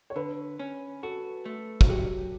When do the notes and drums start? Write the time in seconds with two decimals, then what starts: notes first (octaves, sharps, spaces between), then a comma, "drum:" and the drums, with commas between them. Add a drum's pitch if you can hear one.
0.10 C#5
0.16 D3 B4
0.59 C#4
1.03 F#4 A4
1.45 A3
1.81 F#4, drum: kick
1.89 F#3 G4